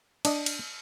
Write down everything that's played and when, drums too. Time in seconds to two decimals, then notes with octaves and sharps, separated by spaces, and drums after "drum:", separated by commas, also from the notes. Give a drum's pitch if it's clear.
0.25 D4 D#5, drum: cymbal
0.46 drum: cymbal